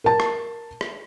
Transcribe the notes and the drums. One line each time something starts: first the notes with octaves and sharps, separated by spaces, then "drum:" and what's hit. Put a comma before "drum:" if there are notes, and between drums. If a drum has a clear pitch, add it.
A#4 A5
drum: rim click
drum: rim click